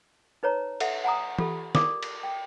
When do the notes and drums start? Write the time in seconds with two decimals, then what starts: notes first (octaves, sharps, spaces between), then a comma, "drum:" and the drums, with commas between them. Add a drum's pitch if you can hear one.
0.43 D#4 B4 C#5 A#5
0.80 A4 E5 F#5, drum: cymbal
1.04 F#5 G#5 A#5 D#6
1.39 F4 G4 A4, drum: tom E3
1.75 A#4 D5 D6 D#6, drum: snare
2.03 drum: cymbal
2.23 G5